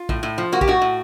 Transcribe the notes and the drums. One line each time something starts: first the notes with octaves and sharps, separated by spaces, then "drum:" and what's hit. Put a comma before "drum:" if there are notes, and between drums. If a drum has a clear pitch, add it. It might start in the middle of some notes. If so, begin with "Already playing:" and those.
Already playing: F4
A2, drum: kick A#1
A2
F3
A#3 F#4
G4, drum: kick A#1
A2 F#4
A2